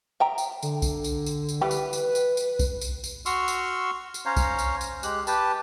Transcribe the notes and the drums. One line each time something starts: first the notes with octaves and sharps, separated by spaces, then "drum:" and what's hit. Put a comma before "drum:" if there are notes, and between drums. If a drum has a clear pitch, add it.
E5 G5 A#5
drum: tambourine
D3, drum: tambourine
drum: kick B1, tambourine
drum: tambourine
drum: tambourine
drum: tambourine
E3 G3 G4 B4
drum: tambourine
drum: tambourine
drum: tambourine
drum: tambourine
drum: kick B1, tambourine
drum: tambourine
drum: tambourine
F#4 C6 C#6 E6 F6, drum: tambourine
drum: tambourine
drum: tambourine
C#4 C5 C#5 F5 A#5
drum: kick B1, tambourine
drum: tambourine
drum: tambourine
G#3 G4 F#6, drum: tambourine
G4 B4 A5, drum: tambourine